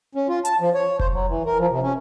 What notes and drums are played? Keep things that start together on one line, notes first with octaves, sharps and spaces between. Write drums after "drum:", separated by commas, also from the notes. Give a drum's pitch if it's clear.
C#4
F4
A5, drum: hi-hat
F3
C#5
C5, drum: kick F1
F#3
E3
A#4
F3
C3
C#4